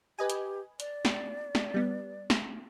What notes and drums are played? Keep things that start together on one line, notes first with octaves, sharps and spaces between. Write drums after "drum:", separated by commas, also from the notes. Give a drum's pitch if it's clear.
G4 B4 D#5 G#5
drum: hi-hat
D5, drum: hi-hat
drum: snare
drum: snare
G3 B3
drum: snare